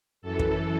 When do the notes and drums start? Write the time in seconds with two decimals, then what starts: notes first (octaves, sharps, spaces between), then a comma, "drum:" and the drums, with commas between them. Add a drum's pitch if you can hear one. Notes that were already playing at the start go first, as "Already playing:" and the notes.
0.22 F#2 E3 A4
0.39 drum: kick